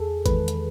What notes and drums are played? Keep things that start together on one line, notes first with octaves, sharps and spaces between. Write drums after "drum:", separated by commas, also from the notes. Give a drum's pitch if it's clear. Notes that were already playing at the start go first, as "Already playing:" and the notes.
Already playing: E2 G#4 A4
E2 D#3 G#3 B4, drum: kick, hi-hat
drum: hi-hat